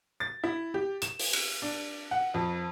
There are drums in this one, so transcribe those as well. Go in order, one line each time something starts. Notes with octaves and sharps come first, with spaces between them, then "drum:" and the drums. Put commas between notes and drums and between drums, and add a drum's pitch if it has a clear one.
A6
E4
G4
E7, drum: hi-hat
drum: open hi-hat
drum: cymbal
D4
F#5
F2